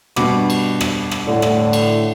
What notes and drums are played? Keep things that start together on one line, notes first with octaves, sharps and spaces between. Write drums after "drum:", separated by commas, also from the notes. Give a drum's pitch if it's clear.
G2 B2 D6, drum: rim click
drum: cymbal
drum: rim click
drum: rim click
A2 D3
drum: rim click
drum: cymbal